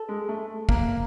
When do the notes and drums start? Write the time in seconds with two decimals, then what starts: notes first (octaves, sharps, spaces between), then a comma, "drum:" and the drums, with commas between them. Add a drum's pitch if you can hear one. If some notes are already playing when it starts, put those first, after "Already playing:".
Already playing: A4
0.09 G#3
0.29 A3
0.69 A#3, drum: kick